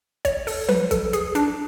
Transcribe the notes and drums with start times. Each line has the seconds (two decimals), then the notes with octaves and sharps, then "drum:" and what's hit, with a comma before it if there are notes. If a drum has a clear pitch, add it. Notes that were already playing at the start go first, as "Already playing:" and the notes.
0.25 C#5, drum: kick, hi-hat
0.47 A4, drum: open hi-hat
0.69 B4, drum: tom F3
0.91 A4, drum: kick, hi-hat
1.13 G#4, drum: hi-hat
1.35 D4, drum: hi-hat